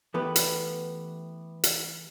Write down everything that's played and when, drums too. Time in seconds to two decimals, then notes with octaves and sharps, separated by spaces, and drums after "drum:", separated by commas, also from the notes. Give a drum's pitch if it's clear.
0.14 E3 A3 B3 G4 B4
0.36 drum: hi-hat
1.64 drum: hi-hat